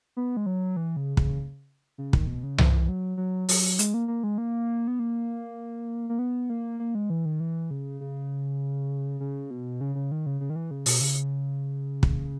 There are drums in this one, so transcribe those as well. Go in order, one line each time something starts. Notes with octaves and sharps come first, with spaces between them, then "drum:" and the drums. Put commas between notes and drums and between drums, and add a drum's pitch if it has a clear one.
B3
G#3
F#3
E3
C#3
C#3, drum: kick
C#3
D#3, drum: kick
B2
C#3
E3, drum: tom C2
F#3
F#3
F#3, drum: open hi-hat
G#3, drum: hi-hat
A#3
A#3
G#3
A#3
B3
A#3
A#3
B3
A#3
A#3
G#3
E3
D#3
E3
C#3
C#3
C#3
B2
C#3
C#3
D#3
C#3
C#3
D#3
E3
C#3
B2, drum: open hi-hat
C#3
drum: kick